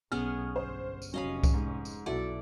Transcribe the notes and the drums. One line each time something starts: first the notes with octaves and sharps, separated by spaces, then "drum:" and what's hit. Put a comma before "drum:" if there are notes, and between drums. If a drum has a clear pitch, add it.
B1 B3 C#4 G#4 F6
G1 C5
drum: tambourine
F1 F#3 C#4 D#5 F5 B5
drum: kick C2, tambourine
G#2
drum: tambourine
B1 E4 F#4 A4 D5